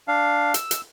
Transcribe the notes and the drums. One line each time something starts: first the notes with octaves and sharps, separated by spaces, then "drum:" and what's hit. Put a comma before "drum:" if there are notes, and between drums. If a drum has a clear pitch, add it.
D4 F5
E6, drum: hi-hat
drum: hi-hat